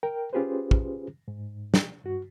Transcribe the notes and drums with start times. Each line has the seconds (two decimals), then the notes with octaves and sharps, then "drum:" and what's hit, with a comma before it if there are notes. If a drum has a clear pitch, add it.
0.03 A#4 G5
0.33 C#4 F4 G4 G#4 B4 C5
0.71 drum: kick
1.28 G#2
1.74 drum: snare
2.04 G2 F#4